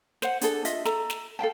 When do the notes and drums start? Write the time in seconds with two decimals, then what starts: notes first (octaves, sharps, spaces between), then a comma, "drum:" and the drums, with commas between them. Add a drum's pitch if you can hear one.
0.22 C5 F#5, drum: snare
0.41 D4 G#4 A4, drum: hi-hat
0.65 F4 D#5 E5, drum: hi-hat
0.85 A4 A#5, drum: snare
1.10 drum: snare
1.39 A4 F5 G5 A5